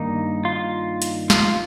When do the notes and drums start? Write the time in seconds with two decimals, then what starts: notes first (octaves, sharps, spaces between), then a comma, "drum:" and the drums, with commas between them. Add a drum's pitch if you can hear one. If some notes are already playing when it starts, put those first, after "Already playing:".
Already playing: G2 D#3 A#3 D#4
0.45 F4
1.02 drum: hi-hat
1.30 F4, drum: snare